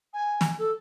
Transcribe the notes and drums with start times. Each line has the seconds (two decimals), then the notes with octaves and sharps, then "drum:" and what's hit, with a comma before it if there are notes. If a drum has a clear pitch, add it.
0.14 G#5
0.41 drum: snare
0.59 A4